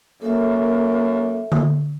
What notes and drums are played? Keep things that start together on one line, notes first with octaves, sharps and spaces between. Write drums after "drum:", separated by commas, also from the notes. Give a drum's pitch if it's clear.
F#2 A#3 A4 E5
drum: tom D3